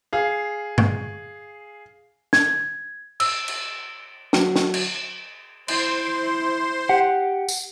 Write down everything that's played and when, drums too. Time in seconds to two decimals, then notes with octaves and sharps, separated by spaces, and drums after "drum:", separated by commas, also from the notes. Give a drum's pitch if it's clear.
0.13 G#4 F5
0.78 drum: tom G2
2.33 G#6, drum: snare
3.20 E6, drum: cymbal
3.48 drum: cymbal
4.33 F#3, drum: snare
4.56 drum: snare
4.74 drum: cymbal
5.68 E4 C5 C6, drum: cymbal
6.89 G4 F#5
7.49 drum: tambourine